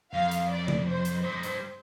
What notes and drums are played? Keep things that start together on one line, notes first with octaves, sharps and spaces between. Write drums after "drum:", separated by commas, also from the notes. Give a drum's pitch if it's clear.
F2 F5
drum: hi-hat
D5
drum: tom C3
C5
drum: hi-hat
G2 C5
F2
G2, drum: hi-hat